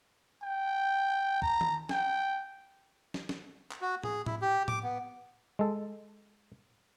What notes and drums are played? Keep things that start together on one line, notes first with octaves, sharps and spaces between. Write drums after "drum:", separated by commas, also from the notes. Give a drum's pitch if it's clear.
G5
A#5, drum: kick
drum: tom D#3
G5, drum: snare
drum: snare
drum: snare
drum: clap
F#4
G#4, drum: tom
E4, drum: tom A2
G4
D6, drum: tom A2
B3
G#3 A4